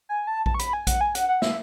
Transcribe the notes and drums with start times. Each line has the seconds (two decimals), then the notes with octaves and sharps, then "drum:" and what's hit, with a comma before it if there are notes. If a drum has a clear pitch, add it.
0.09 G#5
0.27 A5
0.46 A5, drum: kick A#1
0.54 C#6
0.59 B5, drum: hi-hat
0.73 G#5
0.87 F#5, drum: kick A#1, hi-hat
1.01 G#5
1.15 F#5, drum: hi-hat
1.29 F#5
1.42 E5, drum: snare